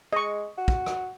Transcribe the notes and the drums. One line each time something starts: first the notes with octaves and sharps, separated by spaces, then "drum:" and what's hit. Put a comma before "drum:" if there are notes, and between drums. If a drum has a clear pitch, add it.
G#3 D#5 C#6
F#4
drum: kick
drum: rim click